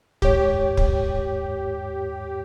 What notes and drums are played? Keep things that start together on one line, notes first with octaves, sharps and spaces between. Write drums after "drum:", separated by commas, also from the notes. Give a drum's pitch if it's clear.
D#2 G#2 G4 C#5, drum: kick
drum: kick